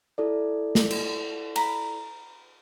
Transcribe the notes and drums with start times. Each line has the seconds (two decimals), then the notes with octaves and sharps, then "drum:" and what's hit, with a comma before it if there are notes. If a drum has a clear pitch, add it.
0.18 E4 A4 D5
0.75 drum: snare
0.91 drum: cymbal
1.56 A#5 B5, drum: cymbal